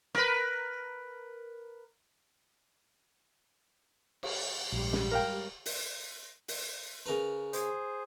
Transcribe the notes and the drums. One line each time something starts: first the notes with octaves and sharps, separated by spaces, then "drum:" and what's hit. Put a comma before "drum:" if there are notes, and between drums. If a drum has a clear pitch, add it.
A#4 B4, drum: rim click
drum: cymbal
A#1 G#2 G3
drum: snare
A#4 F5 G5
drum: open hi-hat
drum: open hi-hat
C#3 A#4 B4
G#4 C5, drum: hi-hat